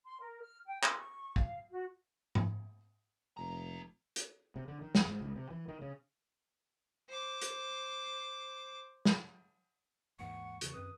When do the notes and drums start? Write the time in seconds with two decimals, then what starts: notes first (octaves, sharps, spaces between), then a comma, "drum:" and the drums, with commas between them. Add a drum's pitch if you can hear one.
0.05 C6
0.20 A#4
0.41 F6
0.66 G5
0.83 C6, drum: clap
0.97 C#6
1.36 F5, drum: kick
1.70 F#4
2.35 drum: tom G#2
3.37 F1 D#2 A#5
4.16 drum: hi-hat
4.56 C3
4.68 D3
4.82 D#3
4.95 E2, drum: snare
5.07 G#2
5.20 C#2
5.36 C3
5.50 E3
5.68 D#3
5.81 C#3
7.09 C5 D6
7.42 drum: hi-hat
9.05 drum: snare
10.19 D#2 G#2 E3 F#5 C#6
10.61 E2 C#3 E3, drum: hi-hat
10.73 F#2 D#3 C4 B4 D#6